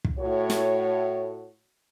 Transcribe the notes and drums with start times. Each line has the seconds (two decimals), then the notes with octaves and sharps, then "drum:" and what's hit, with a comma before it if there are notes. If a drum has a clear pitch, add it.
0.04 drum: kick
0.19 A2 F#4 C#5
0.50 drum: snare